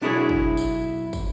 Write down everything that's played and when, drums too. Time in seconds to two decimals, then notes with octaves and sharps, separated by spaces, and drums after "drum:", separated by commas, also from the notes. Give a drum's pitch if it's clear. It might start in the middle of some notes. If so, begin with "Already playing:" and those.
0.02 B1 D4 E4 F#4 G#4 C#5
0.29 drum: kick
0.57 drum: tambourine
1.13 drum: kick, tambourine